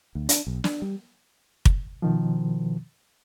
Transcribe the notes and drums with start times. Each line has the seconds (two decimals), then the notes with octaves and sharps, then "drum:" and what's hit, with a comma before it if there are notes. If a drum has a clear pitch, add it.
0.15 D2
0.29 D4, drum: hi-hat
0.47 B1
0.64 D4, drum: snare
0.82 G3
1.65 drum: kick
2.02 B2 D#3 F3